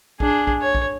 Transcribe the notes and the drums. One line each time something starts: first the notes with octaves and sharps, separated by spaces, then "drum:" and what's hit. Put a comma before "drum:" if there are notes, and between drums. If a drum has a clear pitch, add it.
D4 G#4, drum: kick
drum: kick
C#5
drum: kick